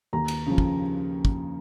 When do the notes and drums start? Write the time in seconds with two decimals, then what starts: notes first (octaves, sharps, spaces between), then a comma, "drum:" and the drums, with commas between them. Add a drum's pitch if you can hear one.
0.13 D#2 A#5
0.28 drum: cymbal
0.46 C#3 F3
0.58 drum: kick
1.25 drum: kick